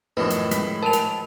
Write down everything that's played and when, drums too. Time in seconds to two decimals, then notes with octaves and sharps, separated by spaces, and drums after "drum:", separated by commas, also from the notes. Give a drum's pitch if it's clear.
0.17 F#2 A2 D#3 F3 F#3 B4
0.30 drum: hi-hat
0.51 A2 G#3 B6, drum: hi-hat
0.83 G#2 A#4 G5 A5 F7
0.93 drum: hi-hat